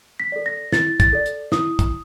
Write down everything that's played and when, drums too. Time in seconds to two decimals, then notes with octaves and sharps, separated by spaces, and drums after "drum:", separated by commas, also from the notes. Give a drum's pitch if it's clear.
0.20 B6
0.32 A4 D5
0.46 A#6
0.72 E4 A6, drum: snare
1.00 A6, drum: kick, hi-hat
1.13 A4 D5
1.26 drum: hi-hat
1.52 E4 D#6, drum: snare
1.79 drum: kick, hi-hat